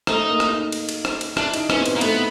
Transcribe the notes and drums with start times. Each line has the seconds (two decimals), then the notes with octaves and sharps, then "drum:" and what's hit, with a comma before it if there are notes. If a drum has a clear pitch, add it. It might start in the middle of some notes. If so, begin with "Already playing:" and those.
0.07 A3 D#4, drum: rim click
0.29 A#3
0.40 drum: rim click
0.50 D#4
0.72 drum: cymbal
0.89 drum: cymbal
1.05 drum: rim click
1.21 drum: cymbal
1.37 D4 E4, drum: rim click
1.54 D#4, drum: cymbal
1.70 B3 C#4, drum: rim click
1.78 C4
1.86 B3, drum: cymbal
1.96 A#3
2.01 A3 B3, drum: cymbal